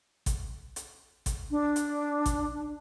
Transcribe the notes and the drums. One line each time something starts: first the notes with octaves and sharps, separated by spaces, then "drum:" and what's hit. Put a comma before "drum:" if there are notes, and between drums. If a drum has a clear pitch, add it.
drum: kick, hi-hat
drum: hi-hat
drum: kick, hi-hat
D4
drum: hi-hat
drum: kick, hi-hat